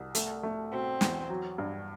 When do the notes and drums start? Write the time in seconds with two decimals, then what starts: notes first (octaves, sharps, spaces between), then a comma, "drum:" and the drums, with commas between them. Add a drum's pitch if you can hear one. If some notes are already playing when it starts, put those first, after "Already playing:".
Already playing: C2
0.15 A3, drum: hi-hat
0.43 A3
0.72 B2 C4
1.01 E2, drum: snare
1.30 F#3
1.58 G2